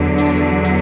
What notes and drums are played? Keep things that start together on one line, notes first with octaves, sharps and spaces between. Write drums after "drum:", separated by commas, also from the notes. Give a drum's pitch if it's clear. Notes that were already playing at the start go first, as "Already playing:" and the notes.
Already playing: E2 D3 F#3
D4, drum: hi-hat
drum: hi-hat